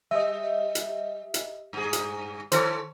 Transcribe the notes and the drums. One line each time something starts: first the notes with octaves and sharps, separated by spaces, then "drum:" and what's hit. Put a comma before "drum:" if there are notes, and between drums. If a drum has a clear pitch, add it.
G3 D#5 E5
drum: hi-hat
drum: hi-hat
G2 G#4
drum: hi-hat
D#3 A4 C5 C#5, drum: hi-hat